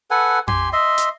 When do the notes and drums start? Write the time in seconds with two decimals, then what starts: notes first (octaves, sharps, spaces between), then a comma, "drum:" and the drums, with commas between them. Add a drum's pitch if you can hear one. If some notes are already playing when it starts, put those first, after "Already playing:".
0.11 A4 B4 F#5 G#5
0.48 G4 G#5 C6, drum: tom F2
0.73 D#5 E5 C6
0.98 drum: hi-hat